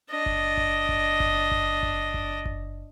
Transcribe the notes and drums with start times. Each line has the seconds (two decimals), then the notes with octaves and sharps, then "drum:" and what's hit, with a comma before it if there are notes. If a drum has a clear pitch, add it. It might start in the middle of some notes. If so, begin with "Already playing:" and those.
0.10 D4 D#5
0.26 drum: kick F#1
0.57 drum: kick F#1
0.89 drum: kick F#1
1.20 drum: kick F#1
1.51 drum: kick F#1
1.83 drum: kick F#1
2.14 drum: kick F#1
2.46 drum: kick F#1